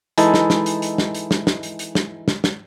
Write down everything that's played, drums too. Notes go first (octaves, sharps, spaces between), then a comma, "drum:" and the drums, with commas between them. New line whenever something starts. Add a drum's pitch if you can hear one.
E3 G#3 D#4 E4 A4, drum: hi-hat
drum: snare
drum: snare
drum: hi-hat
drum: hi-hat
drum: snare
drum: hi-hat
drum: snare
drum: snare
drum: hi-hat
drum: hi-hat
drum: snare
drum: snare
drum: snare